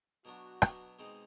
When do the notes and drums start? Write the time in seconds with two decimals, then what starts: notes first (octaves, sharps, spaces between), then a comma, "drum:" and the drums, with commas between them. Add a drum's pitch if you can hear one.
0.25 B2 F#3 B3 D4 F#4
0.62 B2 F#3 B3 D4, drum: rim click
0.99 B2 G#3 C4 D#4